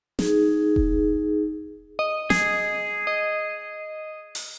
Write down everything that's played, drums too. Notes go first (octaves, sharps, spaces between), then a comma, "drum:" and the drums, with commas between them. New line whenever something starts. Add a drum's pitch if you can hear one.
D#4 G#4, drum: snare
drum: kick E1
D#5
G#4, drum: snare
D#5
drum: open hi-hat